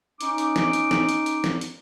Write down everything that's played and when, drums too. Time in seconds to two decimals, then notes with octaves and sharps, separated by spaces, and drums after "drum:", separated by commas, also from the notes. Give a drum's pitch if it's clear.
0.21 C#4 D#4 D6, drum: hi-hat
0.38 drum: hi-hat
0.56 drum: snare
0.73 drum: hi-hat
0.91 drum: snare
1.09 drum: hi-hat
1.26 drum: hi-hat
1.44 drum: snare
1.61 drum: hi-hat